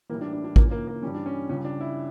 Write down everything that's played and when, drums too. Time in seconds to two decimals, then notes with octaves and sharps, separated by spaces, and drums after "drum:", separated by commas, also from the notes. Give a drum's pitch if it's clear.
0.09 A2 E3 G3 A#3
0.21 D4
0.33 D4
0.44 D4
0.56 C#2 C#3 E3 A#3, drum: kick A1
0.71 A#3
0.87 A#3
1.03 G2 E3 G3 C#4
1.14 D4
1.26 C#4
1.49 C#2 C#3 G3 C#4
1.65 D4
1.81 E4